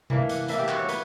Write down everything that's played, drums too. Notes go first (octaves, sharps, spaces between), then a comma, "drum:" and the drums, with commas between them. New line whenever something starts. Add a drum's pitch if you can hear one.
E3 A#3 D4, drum: tom C3
F#5, drum: hi-hat
E3 A#3 D4 E5, drum: hi-hat
G4
F#4, drum: clap
C#5
D4 B4, drum: hi-hat